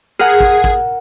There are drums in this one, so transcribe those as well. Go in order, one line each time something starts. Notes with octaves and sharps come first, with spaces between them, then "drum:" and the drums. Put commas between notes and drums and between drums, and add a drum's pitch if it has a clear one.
G#4 A#4 F#5
drum: kick G#1
drum: kick G#1